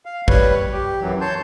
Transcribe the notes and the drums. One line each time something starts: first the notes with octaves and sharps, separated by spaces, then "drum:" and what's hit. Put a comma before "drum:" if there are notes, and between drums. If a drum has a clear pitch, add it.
F5
G3 B4 C#5, drum: kick
G4
F#2 E3 F#3
C#5 A5 C6 G6